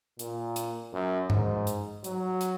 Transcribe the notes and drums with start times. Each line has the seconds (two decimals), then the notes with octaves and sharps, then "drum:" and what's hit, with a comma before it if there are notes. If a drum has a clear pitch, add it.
0.19 A#2, drum: hi-hat
0.56 drum: hi-hat
0.93 F#2
1.30 G#2, drum: tom G2
1.67 drum: hi-hat
2.04 F#3, drum: hi-hat
2.41 drum: hi-hat